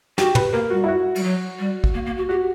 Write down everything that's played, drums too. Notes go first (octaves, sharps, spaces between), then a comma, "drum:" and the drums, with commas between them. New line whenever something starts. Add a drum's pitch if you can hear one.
F#4 G4, drum: snare
B4, drum: tom
A#3 A#4
G3 F#4
E4
F#4
G3, drum: cymbal
F#3
G3
drum: kick
A#3
A#3
F#4
F#4 G4